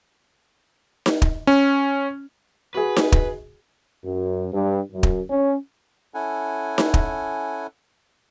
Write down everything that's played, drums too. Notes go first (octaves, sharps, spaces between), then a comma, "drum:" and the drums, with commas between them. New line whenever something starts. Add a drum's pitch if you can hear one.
drum: snare D#4
drum: kick
C#4
F#4 G#4 B4
drum: snare D#4
drum: kick
F#2
G2
F#2
drum: kick
C#4
C#4 E4 A4 F#5 G#5
drum: snare D#4
drum: kick